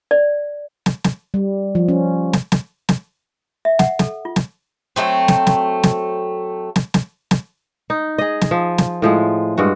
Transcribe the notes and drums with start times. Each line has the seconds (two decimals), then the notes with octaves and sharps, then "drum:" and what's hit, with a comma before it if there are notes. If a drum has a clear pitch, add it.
0.11 D5
0.86 drum: snare
1.04 drum: snare
1.34 G3
1.75 F3
1.89 C#4
2.33 drum: snare
2.52 drum: snare
2.89 drum: snare
3.65 E5
3.79 F#5, drum: snare
3.99 A4, drum: snare
4.25 F4
4.36 drum: snare
4.96 F#3 G3 A3 C4
5.28 drum: snare
5.47 drum: snare
5.83 drum: snare
6.76 drum: snare
6.94 drum: snare
7.31 drum: snare
7.90 D#4
8.18 G#4 D#5
8.41 drum: snare
8.51 F3
8.78 drum: snare
9.02 A2 F3 G#3
9.58 G2 G#3 F#4